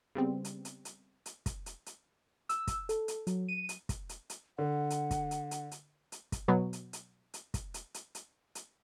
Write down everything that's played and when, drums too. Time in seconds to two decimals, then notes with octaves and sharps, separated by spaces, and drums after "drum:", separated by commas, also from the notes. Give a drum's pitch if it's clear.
0.15 C#3 G3 B3 C4
0.45 drum: hi-hat
0.65 drum: hi-hat
0.85 drum: hi-hat
1.26 drum: hi-hat
1.46 drum: kick, hi-hat
1.66 drum: hi-hat
1.86 drum: hi-hat
2.49 E6, drum: hi-hat
2.67 drum: kick, hi-hat
2.89 A4, drum: hi-hat
3.08 drum: hi-hat
3.27 F#3, drum: hi-hat
3.49 D#7
3.69 drum: hi-hat
3.89 drum: kick, hi-hat
4.09 drum: hi-hat
4.30 drum: hi-hat
4.58 D3 F#5
4.90 drum: hi-hat
5.11 drum: kick, hi-hat
5.31 drum: hi-hat
5.51 drum: hi-hat
5.71 drum: hi-hat
6.12 drum: hi-hat
6.32 drum: kick, hi-hat
6.48 B2 F#3 B3
6.73 drum: hi-hat
6.93 drum: hi-hat
7.34 drum: hi-hat
7.54 drum: kick, hi-hat
7.74 drum: hi-hat
7.94 drum: hi-hat
8.15 drum: hi-hat
8.55 drum: hi-hat